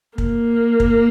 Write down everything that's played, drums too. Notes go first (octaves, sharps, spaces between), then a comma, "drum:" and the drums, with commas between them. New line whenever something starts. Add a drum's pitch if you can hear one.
A#3, drum: kick
drum: kick